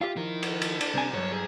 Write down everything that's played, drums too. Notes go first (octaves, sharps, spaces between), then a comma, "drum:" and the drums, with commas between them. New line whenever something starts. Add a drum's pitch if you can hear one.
F4 G4 E5 F5
F3 D#4 E4 A#4
drum: cymbal
drum: cymbal
D4, drum: cymbal
C2 C3 G#5 A#5
G2 F#3 C#5
G#4